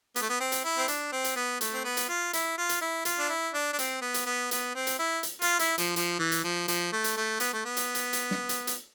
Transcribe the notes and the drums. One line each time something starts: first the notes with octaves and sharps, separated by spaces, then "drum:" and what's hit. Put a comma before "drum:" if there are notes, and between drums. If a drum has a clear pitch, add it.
B3, drum: hi-hat
A3
B3
C4
drum: hi-hat
E4
C4
D4, drum: hi-hat
C4
drum: hi-hat
B3
A3, drum: hi-hat
C4
B3
drum: hi-hat
F4
E4, drum: hi-hat
F4
drum: hi-hat
E4
F4, drum: hi-hat
D4
E4
D4
D4
C4, drum: hi-hat
B3
drum: hi-hat
B3
B3, drum: hi-hat
C4
drum: hi-hat
E4
drum: hi-hat
F4, drum: hi-hat
E4, drum: hi-hat
F3, drum: hi-hat
F3, drum: hi-hat
E3
drum: hi-hat
F3
F3, drum: hi-hat
A3
drum: hi-hat
A3
B3, drum: hi-hat
A3
B3
drum: hi-hat
drum: hi-hat
drum: hi-hat
drum: snare
drum: hi-hat
drum: hi-hat